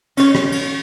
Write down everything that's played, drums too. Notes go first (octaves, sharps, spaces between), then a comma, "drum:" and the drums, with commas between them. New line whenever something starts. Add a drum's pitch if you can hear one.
C#4 C#5, drum: cymbal
drum: rim click
drum: cymbal